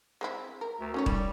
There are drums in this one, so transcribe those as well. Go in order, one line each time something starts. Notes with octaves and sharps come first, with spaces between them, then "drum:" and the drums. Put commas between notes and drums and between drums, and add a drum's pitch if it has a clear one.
G#3 C4 E4
A#4
D2
D#3 A3 C#4 C#5
G3, drum: kick D#1